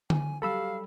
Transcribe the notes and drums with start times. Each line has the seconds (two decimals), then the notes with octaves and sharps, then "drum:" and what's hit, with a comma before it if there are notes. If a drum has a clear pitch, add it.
0.10 G#5, drum: tom D3
0.42 F#3 G3 G4 A4 F5 B5 E6